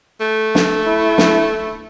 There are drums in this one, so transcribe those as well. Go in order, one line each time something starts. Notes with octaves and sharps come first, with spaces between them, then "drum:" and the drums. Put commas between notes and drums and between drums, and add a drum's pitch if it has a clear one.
A3
drum: snare
E4
drum: snare